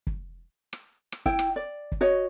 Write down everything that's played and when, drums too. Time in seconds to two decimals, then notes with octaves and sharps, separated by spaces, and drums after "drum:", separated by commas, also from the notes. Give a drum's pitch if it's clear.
0.07 drum: kick
0.73 drum: rim click
1.12 drum: rim click
1.26 E4 G5, drum: kick
1.39 drum: rim click
1.56 D5
1.92 drum: kick
2.01 F#4 C#5 D#5